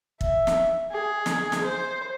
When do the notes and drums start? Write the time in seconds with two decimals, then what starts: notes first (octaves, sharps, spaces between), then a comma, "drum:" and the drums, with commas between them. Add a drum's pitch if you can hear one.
0.21 E5, drum: kick
0.47 drum: snare
0.91 G#4
1.26 drum: snare
1.52 drum: snare
1.64 C5